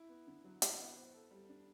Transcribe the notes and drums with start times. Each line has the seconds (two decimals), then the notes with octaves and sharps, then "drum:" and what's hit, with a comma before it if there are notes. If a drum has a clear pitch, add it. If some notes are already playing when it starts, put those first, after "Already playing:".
Already playing: E4
0.09 B3
0.27 D3
0.44 F#3
0.62 E4, drum: hi-hat
0.79 B3
0.96 C5
1.14 A4
1.31 G3
1.49 D4